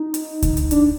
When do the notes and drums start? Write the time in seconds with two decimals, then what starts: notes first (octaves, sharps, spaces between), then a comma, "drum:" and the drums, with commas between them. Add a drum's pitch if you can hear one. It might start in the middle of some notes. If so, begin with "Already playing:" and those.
Already playing: D#4
0.14 drum: hi-hat
0.43 drum: kick C#2, hi-hat
0.57 drum: hi-hat
0.71 D4, drum: hi-hat